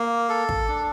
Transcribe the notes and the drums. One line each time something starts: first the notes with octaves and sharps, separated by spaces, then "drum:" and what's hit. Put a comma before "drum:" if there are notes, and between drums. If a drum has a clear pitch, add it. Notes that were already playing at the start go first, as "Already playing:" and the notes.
Already playing: A#3
A4
drum: kick
D4